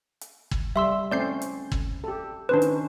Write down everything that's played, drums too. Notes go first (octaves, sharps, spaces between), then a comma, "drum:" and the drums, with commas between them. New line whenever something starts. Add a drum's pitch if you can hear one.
drum: hi-hat
drum: kick
G3 E5 C6 E6
A3 C4 C#4 D5 G6 C7
drum: hi-hat
drum: kick
G4 A4
D#3 C#4 D4 B4 C5
drum: hi-hat